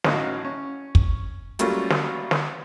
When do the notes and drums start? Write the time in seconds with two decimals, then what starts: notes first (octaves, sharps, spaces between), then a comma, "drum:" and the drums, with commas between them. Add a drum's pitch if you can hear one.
0.04 A1 C#4 D#4 F#4 F5, drum: snare
0.45 C#4
0.95 drum: kick
1.59 F#3 G3 A3 A#3 C#4 F4, drum: hi-hat
1.90 drum: snare
2.31 drum: snare